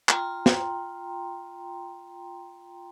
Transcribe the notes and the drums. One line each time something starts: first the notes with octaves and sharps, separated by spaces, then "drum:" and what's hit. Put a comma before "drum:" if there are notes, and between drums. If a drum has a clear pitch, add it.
F4 G5 A#5 C6, drum: clap
drum: snare